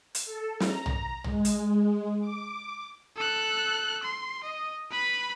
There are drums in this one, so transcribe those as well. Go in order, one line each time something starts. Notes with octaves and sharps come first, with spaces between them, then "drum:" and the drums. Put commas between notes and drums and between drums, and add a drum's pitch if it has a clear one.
drum: hi-hat
A4
A#5, drum: snare
drum: tom
G#3, drum: tom
drum: hi-hat
D6
A4 F#6
C6
D#5
B4 B5